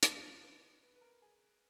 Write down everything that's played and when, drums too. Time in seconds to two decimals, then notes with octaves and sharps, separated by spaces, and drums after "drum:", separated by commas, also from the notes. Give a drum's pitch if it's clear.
0.03 F#4, drum: hi-hat
0.22 A#4
0.43 B4
0.83 B4
0.96 B4
1.01 A#4
1.22 G#4